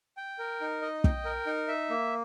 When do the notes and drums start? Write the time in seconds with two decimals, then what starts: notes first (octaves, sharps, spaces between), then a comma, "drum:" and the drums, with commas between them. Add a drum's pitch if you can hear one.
0.17 G5
0.39 A#4
0.61 D#4
0.82 D#5
1.04 G5, drum: kick
1.25 A#4
1.47 D#4
1.68 E5
1.90 A#3